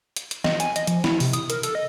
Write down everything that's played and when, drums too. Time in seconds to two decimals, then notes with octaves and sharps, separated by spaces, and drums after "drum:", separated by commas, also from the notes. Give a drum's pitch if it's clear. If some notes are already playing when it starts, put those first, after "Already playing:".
0.16 drum: hi-hat
0.31 drum: hi-hat
0.44 D#5, drum: snare
0.60 G#5, drum: hi-hat
0.76 D#5, drum: hi-hat
0.87 F3, drum: hi-hat
1.04 E4, drum: snare
1.20 C3, drum: open hi-hat
1.33 D#6, drum: hi-hat
1.50 A#4, drum: hi-hat
1.63 A4, drum: hi-hat
1.75 D#5